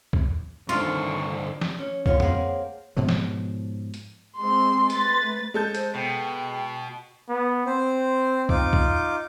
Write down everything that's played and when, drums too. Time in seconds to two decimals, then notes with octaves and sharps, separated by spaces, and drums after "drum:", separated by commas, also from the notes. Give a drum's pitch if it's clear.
0.13 drum: kick
0.69 G2 D3 D#3 D4 F4 C5 C#6
1.61 drum: snare
1.78 C#4
2.06 F#2 A#2 F4 C#5, drum: kick
2.20 A#3 C4 G#4 C#5 F#5, drum: tom F2
2.97 G#2 B2 F3 F#3
3.09 drum: snare
3.94 drum: hi-hat
4.38 G#3 C4 C6
4.90 A3 B4 A6, drum: hi-hat
5.54 G#3 A4 G6
5.75 C5, drum: hi-hat
5.95 B2 G5
7.29 B3
7.67 C4 C5
8.49 D#4 F4 D6, drum: kick
8.73 drum: kick